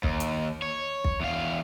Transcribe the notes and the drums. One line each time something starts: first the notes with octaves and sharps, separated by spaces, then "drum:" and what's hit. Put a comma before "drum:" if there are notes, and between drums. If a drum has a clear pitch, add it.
D#2, drum: kick
drum: hi-hat
C#5
drum: kick
E2 F5